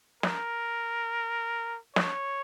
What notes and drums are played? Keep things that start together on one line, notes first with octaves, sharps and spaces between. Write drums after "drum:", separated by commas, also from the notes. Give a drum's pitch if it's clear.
A#4, drum: snare
C#5, drum: snare